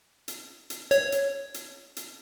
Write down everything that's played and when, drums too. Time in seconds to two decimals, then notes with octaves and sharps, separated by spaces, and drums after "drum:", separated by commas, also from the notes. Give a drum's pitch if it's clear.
0.28 drum: hi-hat
0.70 drum: hi-hat
0.91 C#5, drum: hi-hat
1.12 drum: hi-hat
1.54 drum: hi-hat
1.97 drum: hi-hat